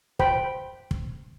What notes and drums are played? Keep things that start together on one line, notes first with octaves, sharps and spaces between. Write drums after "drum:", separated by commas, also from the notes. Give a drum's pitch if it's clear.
C5 G5 B5, drum: kick
drum: kick